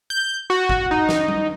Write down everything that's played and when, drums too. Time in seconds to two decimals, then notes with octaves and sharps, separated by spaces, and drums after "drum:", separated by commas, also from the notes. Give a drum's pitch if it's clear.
0.10 G6
0.50 F#4
0.69 drum: kick
0.91 D#4
1.09 drum: snare
1.28 drum: tom G3